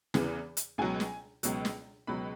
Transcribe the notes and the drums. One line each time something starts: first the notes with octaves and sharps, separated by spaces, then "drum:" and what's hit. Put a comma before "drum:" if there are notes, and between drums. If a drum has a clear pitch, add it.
E2 C#3 E3, drum: snare
drum: hi-hat
C#2 B2 F#3 G#5
drum: snare
C#2 B2 F#3, drum: hi-hat
drum: snare
C#2 B2 F#3 B5